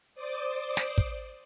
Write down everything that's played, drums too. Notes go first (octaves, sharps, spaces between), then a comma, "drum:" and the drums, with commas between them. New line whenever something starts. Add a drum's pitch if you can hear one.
C5 D5 D6 D#6
drum: snare
drum: kick